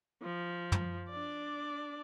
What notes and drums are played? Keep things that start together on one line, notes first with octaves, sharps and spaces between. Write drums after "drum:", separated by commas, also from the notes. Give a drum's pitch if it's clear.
F3
drum: tom
D4 D5